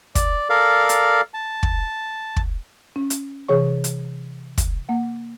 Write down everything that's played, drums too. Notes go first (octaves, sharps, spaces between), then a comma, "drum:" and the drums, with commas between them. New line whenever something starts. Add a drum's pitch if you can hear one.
D5, drum: kick, hi-hat
A4 A#4 D5 F5
drum: hi-hat
A5
drum: kick
drum: kick
C#4
drum: hi-hat
C3 E3 G#4 C#5 C#6
drum: hi-hat
drum: kick, hi-hat
A#3 F#5